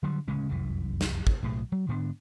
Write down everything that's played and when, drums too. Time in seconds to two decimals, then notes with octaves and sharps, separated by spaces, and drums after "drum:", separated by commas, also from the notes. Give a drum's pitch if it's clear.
0.03 D3 F#3 G3
0.28 D1 C#3 G#3 C#4
0.49 F1 C2 F#2 E3
1.01 drum: snare
1.27 drum: kick
1.42 B1 A2
1.72 F#3
1.88 G#2 D3 B3 D4